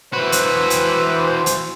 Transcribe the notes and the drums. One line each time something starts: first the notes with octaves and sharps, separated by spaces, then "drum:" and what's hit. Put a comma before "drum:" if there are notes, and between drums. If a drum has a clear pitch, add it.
E3 F#4 B4 C5
drum: hi-hat
drum: hi-hat
drum: hi-hat